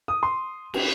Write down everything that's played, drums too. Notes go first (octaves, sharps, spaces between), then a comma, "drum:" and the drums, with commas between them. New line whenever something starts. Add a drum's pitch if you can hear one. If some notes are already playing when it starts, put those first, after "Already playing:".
D#6
C6
drum: cymbal